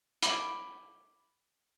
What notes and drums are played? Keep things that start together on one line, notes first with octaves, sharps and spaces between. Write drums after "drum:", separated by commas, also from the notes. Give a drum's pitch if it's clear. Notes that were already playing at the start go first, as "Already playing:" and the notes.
B5 D6, drum: hi-hat